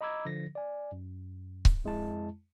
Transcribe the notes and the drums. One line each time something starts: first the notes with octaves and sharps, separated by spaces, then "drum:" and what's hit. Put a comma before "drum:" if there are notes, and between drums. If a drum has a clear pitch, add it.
D#5 A#5 B5 D6 E6 G#6
D3 F3 A#6
D5 G#5
F#2
drum: kick C#1
F2 G#3 E4 A5